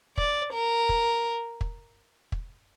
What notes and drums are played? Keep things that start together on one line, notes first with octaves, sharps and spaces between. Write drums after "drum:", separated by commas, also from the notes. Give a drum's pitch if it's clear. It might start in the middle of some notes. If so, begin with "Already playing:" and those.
D5, drum: kick
A#4
drum: kick
drum: kick
drum: kick